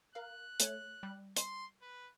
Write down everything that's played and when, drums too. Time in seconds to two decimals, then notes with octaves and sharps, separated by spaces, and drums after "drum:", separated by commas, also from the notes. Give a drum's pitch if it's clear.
0.15 A#4 F5 F#6
0.60 A3 C#5, drum: hi-hat
1.03 G3
1.36 C6, drum: hi-hat
1.81 B4